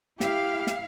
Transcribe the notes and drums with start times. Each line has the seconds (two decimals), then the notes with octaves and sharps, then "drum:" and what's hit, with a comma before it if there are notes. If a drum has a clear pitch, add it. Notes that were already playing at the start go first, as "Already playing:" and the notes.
0.20 E4 G4 F5, drum: snare
0.67 drum: snare